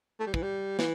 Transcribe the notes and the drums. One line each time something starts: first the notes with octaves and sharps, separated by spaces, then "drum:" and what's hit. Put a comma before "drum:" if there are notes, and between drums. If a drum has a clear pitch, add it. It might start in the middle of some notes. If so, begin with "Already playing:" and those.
A3
G3
E3, drum: kick
G3
E3, drum: snare